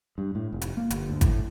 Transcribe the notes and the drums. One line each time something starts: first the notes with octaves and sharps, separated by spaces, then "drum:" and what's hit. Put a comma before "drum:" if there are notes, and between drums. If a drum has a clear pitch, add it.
G2
A2
F1
drum: hi-hat
A#3
G1, drum: hi-hat
D2
A2, drum: kick G#1, hi-hat